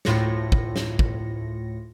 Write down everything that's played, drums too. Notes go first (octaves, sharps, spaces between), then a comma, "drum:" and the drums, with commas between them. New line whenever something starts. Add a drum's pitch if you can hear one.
D2 A2 F4 A#6 C#7, drum: snare
drum: kick
drum: snare
drum: kick